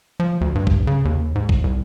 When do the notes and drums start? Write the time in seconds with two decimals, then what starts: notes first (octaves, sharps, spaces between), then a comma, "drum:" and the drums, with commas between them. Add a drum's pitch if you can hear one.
0.20 F3
0.41 D2
0.55 G2
0.67 drum: kick
0.87 C#3
1.05 D#2
1.35 G#2
1.49 drum: kick
1.64 C2